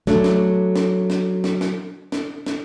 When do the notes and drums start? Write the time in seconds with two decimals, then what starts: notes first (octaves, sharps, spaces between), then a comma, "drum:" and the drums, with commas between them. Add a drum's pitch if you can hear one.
0.07 F#3 A3 D4, drum: snare
0.24 drum: snare
0.76 drum: snare
1.10 drum: snare
1.44 drum: snare
1.61 drum: snare
2.12 drum: snare
2.46 drum: snare